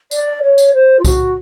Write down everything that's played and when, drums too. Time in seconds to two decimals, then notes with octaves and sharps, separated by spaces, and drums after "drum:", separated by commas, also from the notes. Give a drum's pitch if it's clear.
0.11 D5, drum: tambourine
0.42 C#5
0.58 drum: tambourine
0.74 C5
0.99 F4
1.05 F#4, drum: kick C2, tambourine